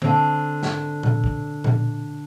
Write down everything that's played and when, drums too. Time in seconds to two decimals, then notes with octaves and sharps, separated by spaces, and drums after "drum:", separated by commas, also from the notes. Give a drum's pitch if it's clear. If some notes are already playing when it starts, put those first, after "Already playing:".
0.02 D3 C4, drum: tom D3
0.63 drum: snare
1.03 drum: tom A#2
1.24 drum: kick
1.64 drum: tom A#2